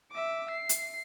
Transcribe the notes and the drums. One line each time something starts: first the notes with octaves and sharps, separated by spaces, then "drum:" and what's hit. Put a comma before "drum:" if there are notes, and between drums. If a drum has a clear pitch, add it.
E5 D6
C7
drum: hi-hat